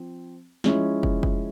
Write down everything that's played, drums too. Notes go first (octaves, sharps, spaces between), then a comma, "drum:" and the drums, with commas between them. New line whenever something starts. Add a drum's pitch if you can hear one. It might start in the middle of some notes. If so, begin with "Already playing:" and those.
Already playing: F3 C4
F3 G#3 C#4 E4, drum: snare
drum: kick
drum: kick